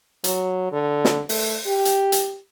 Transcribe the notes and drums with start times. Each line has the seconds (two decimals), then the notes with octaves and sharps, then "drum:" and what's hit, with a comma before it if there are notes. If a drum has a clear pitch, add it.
0.24 F#3, drum: hi-hat
0.72 D3
1.05 drum: snare
1.29 A3, drum: open hi-hat
1.67 G4
1.85 drum: hi-hat
2.12 drum: hi-hat